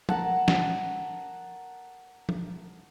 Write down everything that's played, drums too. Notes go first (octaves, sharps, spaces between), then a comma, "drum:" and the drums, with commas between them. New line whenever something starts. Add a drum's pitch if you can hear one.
A#4 F#5 A5, drum: tom F3
drum: snare
drum: tom F3